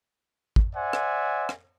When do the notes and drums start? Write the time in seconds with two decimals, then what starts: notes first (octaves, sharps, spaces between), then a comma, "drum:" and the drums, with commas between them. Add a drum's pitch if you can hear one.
0.56 drum: kick
0.75 C5 D5 E5 F#5 G#5
0.93 drum: rim click
1.49 drum: rim click